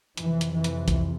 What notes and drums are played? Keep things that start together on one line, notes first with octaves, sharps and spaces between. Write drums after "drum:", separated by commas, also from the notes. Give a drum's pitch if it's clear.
F2 C3 E3, drum: hi-hat
drum: hi-hat
E3
drum: hi-hat
drum: kick C2, hi-hat